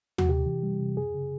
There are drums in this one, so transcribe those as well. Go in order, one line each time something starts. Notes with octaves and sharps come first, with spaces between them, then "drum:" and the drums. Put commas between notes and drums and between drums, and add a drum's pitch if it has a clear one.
F#4, drum: tom D#2
C3 G4
E3
G3
C3
F#2 G#4
C#3